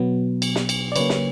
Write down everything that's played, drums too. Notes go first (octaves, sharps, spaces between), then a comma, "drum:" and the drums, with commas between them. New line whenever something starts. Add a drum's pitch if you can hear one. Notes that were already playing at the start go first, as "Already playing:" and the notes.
Already playing: B2 F#3 B3
drum: cymbal
drum: snare
drum: cymbal
D5
C#3 F#3 A#3 B4 C#5, drum: cymbal
drum: snare